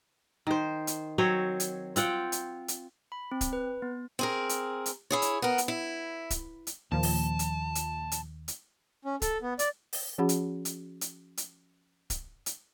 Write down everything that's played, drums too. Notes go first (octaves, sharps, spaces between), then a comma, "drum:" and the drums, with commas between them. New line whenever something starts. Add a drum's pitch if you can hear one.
D#3 C5
drum: hi-hat
F#3 C4 C5 C#5
drum: hi-hat
C4 F4 F#5 G5, drum: hi-hat
drum: hi-hat
drum: hi-hat
B5
C4
drum: kick C#1, hi-hat
B4
B3
C4 G#4 A#4
drum: hi-hat
drum: hi-hat
E4 G#4 C#5
drum: hi-hat
B3 A#4
drum: hi-hat
E4
drum: kick C#1, hi-hat
drum: hi-hat
D#2 A#2 F3 A5
drum: open hi-hat
drum: hi-hat
drum: hi-hat
drum: hi-hat
drum: hi-hat
C#4
A4, drum: kick C#1, hi-hat
B3
D5, drum: hi-hat
drum: open hi-hat
F3 C#4 F#4 G#4 F#5 B5
drum: hi-hat
drum: hi-hat
drum: hi-hat
drum: hi-hat
drum: kick C#1, hi-hat
drum: hi-hat